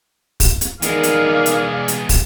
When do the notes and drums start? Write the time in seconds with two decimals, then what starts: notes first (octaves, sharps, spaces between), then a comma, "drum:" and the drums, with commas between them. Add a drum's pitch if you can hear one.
0.40 drum: kick, open hi-hat
0.61 drum: hi-hat
0.82 D#3 G#3 B3 G#4 D5 F5, drum: hi-hat
1.03 drum: hi-hat
1.46 drum: hi-hat
1.88 drum: hi-hat
2.09 drum: kick, open hi-hat